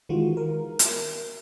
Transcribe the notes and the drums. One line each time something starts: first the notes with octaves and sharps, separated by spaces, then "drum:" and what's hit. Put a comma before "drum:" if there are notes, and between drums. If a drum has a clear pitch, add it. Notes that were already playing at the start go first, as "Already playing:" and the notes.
D#3 E3 G#3 F4 F#4
A#4
drum: hi-hat